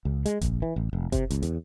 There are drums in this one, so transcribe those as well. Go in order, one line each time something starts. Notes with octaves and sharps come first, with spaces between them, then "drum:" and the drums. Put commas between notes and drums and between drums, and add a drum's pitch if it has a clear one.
C#2
G#3, drum: hi-hat
A#1, drum: kick F#1, hi-hat
E3
A1
F1
C3, drum: kick F#1, hi-hat
C#2, drum: hi-hat
E2, drum: hi-hat